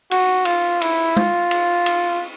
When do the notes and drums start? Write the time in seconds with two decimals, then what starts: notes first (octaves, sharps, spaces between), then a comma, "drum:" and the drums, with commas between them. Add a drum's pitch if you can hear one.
0.11 F#4, drum: cymbal
0.45 F4, drum: cymbal
0.81 E4, drum: cymbal
1.17 F4, drum: tom G#3
1.51 drum: cymbal
1.86 drum: cymbal